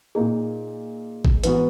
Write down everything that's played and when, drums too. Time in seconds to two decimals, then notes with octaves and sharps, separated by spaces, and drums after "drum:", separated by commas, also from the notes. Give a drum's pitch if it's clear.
0.15 A#2 A#3 D#4 G#4
1.25 drum: kick G#1
1.44 G#2 E3 B3 F#4 B4, drum: hi-hat